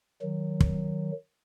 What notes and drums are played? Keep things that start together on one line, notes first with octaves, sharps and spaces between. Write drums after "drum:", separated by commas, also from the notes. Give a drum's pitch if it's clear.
D#3 F#3
drum: kick